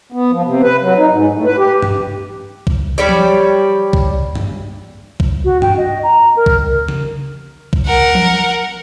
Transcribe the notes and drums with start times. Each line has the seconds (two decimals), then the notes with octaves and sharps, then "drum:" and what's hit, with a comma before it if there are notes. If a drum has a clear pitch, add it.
0.12 B3
0.32 F3
0.45 C3
0.63 B4
0.82 F#3
0.97 D#4
1.12 G#2
1.32 A2
1.45 B4
1.57 G4
1.82 drum: tom
2.67 drum: kick
2.98 G3 G4 C#5 D5
3.09 drum: tom F3
3.93 drum: kick
4.35 drum: tom
5.20 drum: kick
5.45 F#4
5.62 G5, drum: tom
5.77 D#5
6.03 A#5
6.36 A#4
6.46 drum: kick
6.88 drum: tom C#3
7.73 drum: kick
7.86 A#4 F#5
8.15 drum: tom F3